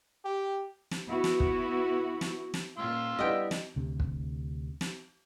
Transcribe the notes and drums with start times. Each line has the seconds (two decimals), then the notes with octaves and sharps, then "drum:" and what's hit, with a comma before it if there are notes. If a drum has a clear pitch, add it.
0.24 G4
0.91 drum: snare
1.08 B3 E4 F#4
1.24 drum: snare
1.40 drum: kick
2.21 drum: snare
2.54 drum: snare
2.78 A#2 F4 C6 E6
3.18 G3 B3 D4 E4 D#5 G5
3.51 drum: snare
3.76 D2 C3
4.00 drum: kick
4.81 drum: snare